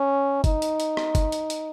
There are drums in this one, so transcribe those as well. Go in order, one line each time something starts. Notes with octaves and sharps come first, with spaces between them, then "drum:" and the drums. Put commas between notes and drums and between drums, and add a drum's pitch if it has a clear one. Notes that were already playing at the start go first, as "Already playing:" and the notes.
Already playing: C#4
D#4, drum: kick G1, hi-hat
drum: hi-hat
drum: hi-hat
drum: rim click
drum: kick G1, hi-hat
drum: hi-hat
drum: hi-hat